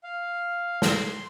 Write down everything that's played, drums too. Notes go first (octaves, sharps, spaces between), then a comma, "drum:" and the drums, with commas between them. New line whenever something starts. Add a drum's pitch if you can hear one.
F5
C6, drum: snare